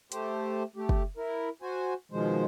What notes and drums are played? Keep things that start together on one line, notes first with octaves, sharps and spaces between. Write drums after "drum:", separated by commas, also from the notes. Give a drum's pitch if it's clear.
A3 G4 C5, drum: hi-hat
A3 G4
drum: kick
E4 A#4
F#4 C5 G#5
B2 D#3 F3 G#3 C5